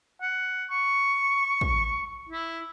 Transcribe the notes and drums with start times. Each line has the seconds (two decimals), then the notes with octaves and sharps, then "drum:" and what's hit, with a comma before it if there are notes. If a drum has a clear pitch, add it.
0.21 F#5
0.70 C#6
1.61 drum: kick
2.29 E4